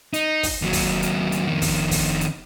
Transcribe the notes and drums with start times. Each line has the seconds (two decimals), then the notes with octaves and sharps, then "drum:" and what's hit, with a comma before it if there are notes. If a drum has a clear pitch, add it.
0.14 D#4, drum: hi-hat
0.43 drum: kick, open hi-hat
0.62 D#2 F#3
0.73 drum: kick, open hi-hat
1.02 drum: hi-hat
1.32 drum: hi-hat
1.46 F2 D#3
1.62 drum: kick, open hi-hat
1.91 drum: kick, open hi-hat
2.21 drum: hi-hat